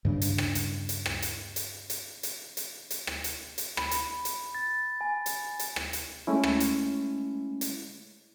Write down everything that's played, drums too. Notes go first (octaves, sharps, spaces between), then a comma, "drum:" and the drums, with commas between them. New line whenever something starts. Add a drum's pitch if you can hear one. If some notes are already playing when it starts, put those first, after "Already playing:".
G2 C#3 D4
drum: hi-hat
drum: rim click
drum: hi-hat
drum: hi-hat
drum: rim click
drum: hi-hat
drum: hi-hat
drum: hi-hat
drum: hi-hat
drum: hi-hat
drum: hi-hat
drum: rim click
drum: hi-hat
drum: hi-hat
B5, drum: rim click
drum: hi-hat
drum: hi-hat
A6
G#5
drum: hi-hat
drum: hi-hat
drum: rim click
drum: hi-hat
G#3 A3 C#4 E4
drum: rim click
drum: hi-hat
drum: hi-hat